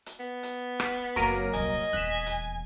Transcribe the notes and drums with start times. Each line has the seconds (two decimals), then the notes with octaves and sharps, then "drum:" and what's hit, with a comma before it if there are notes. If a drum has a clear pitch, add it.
0.06 drum: hi-hat
0.20 B3
0.43 drum: hi-hat
0.80 drum: rim click
1.16 F#1 F#3 A#3 C4 A#4 D#7, drum: hi-hat
1.53 D#1 C2 D#5 G#5, drum: hi-hat
1.93 D#1 E2 F#6 B6 E7
2.26 drum: hi-hat